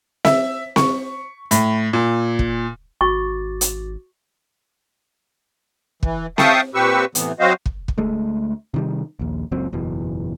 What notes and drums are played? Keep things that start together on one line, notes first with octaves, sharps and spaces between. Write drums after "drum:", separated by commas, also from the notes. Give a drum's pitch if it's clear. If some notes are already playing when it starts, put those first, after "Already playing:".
E5, drum: snare C4
C#6, drum: snare C4
A2, drum: hi-hat
A#2
drum: kick
G#1 F#4 C#6 D6 A6
drum: hi-hat
E3, drum: kick
E5 F5 G5 A5 C#6 D#6, drum: snare C4
A#2 C4 G4 B4 C#6 E6
A2 C3 E3 B3, drum: hi-hat
F#3 C4 F#4 C5 D#5 F5
drum: kick
drum: kick
D2 G#3 A3
C3 D#3 G3
A#1 D#2
F#1 C#2 F#3 C4
F#1 E2 B2